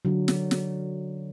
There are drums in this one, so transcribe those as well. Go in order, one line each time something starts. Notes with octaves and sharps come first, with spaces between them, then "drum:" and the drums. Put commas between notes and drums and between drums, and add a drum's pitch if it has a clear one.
D3 F#3
drum: snare
drum: snare